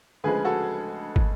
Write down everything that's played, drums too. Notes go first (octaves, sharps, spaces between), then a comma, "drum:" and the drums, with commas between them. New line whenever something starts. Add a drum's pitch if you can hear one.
D2 C#3 F3 G#3 G#4 B4
F#4 A4
drum: kick